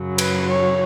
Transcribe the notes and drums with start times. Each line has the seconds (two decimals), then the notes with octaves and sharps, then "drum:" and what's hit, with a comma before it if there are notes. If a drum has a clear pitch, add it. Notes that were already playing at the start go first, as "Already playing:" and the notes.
Already playing: F#2 C#3 F#3
0.18 B4, drum: cymbal
0.49 C#5